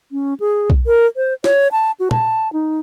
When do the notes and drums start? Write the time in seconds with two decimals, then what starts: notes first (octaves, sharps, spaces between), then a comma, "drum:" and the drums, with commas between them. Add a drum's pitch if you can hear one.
0.12 C#4
0.40 G#4
0.70 drum: kick B1
0.87 A#4
1.16 C5
1.44 C#5, drum: snare
1.72 A5
2.00 F#4
2.11 A5, drum: tom
2.53 D#4